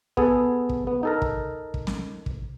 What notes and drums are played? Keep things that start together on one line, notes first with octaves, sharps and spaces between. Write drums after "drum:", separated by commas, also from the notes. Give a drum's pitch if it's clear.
B3 G#4 A4, drum: kick
drum: kick
B3
D#4 A4 A#4
drum: kick
drum: kick
drum: snare
drum: kick